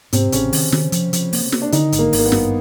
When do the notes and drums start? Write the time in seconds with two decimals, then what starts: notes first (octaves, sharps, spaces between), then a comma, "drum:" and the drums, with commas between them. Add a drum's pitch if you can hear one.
0.13 G#2 C3 C4, drum: hi-hat
0.32 A1 C#3 C#4, drum: hi-hat
0.53 D#3, drum: open hi-hat
0.72 D#3, drum: snare
0.92 F3, drum: hi-hat
1.13 F3, drum: hi-hat
1.33 A#3, drum: open hi-hat
1.52 A#3, drum: snare
1.62 D4
1.72 D3 D#3 D#4, drum: hi-hat
1.92 G#1, drum: hi-hat
1.99 A#3
2.13 G#1, drum: open hi-hat
2.19 A#3
2.25 B3
2.32 G2, drum: snare